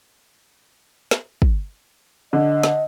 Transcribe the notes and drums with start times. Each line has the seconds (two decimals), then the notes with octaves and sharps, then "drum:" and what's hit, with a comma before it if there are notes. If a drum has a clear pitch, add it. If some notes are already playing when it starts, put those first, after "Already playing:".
1.11 drum: snare
1.42 drum: kick
2.33 D3 D#5
2.63 drum: snare